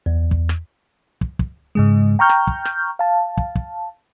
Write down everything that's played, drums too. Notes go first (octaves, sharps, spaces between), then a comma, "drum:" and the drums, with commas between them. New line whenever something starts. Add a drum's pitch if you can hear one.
E2
drum: kick
drum: rim click
drum: kick
drum: kick
G#2 C#3 G#3
G5 A#5 C#6 F6 G6
drum: rim click
drum: kick
drum: rim click
F5 A5
drum: kick
drum: kick